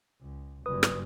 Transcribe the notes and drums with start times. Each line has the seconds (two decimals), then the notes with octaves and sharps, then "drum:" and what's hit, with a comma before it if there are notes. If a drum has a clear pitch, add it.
0.21 C#2
0.66 F#1 G2 B4 D#6
0.83 drum: rim click